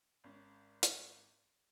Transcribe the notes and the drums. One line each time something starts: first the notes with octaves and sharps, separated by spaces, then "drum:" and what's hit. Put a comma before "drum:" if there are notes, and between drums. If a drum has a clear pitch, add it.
G#1 C#4
drum: hi-hat